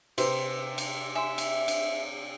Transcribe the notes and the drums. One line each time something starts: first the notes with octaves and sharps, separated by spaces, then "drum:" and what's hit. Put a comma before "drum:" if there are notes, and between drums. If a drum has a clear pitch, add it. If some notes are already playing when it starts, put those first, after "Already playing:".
C3 B4 C5, drum: cymbal
drum: cymbal
E5 G#5 C6
drum: cymbal
drum: cymbal